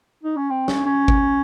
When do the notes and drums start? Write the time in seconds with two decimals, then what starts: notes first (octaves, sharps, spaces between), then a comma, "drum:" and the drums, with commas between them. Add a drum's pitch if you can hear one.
0.23 D#4
0.36 C#4
0.50 C4
0.68 C#4, drum: snare
0.85 C#4
1.08 drum: kick G#1